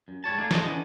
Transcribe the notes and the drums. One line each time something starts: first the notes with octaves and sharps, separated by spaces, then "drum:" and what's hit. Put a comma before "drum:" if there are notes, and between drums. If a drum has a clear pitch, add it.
F#2
G#2 G3 C#5 A5
A3 A#3 D4 D#4 G#4
A4 C5 D#5, drum: snare
D3 E3 B3 C#4 D4